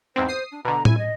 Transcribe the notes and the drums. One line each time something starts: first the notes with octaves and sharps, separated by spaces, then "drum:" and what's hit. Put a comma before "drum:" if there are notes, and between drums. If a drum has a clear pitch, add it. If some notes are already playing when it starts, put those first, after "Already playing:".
E2 G#2 C4 C5
D#6 C7
D4
B2 D3 A#5
E4 G#5, drum: tom A2
D#5